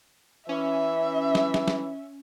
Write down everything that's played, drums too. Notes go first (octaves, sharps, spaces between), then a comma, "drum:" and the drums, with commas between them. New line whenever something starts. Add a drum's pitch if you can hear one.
E3 C#4 E5
drum: snare
drum: snare
drum: snare